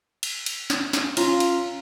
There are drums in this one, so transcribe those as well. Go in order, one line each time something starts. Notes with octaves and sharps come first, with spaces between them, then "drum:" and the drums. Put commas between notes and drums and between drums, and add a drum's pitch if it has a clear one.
drum: cymbal
drum: cymbal
drum: snare
drum: snare
C#4 F4 A#5 C6, drum: cymbal
drum: cymbal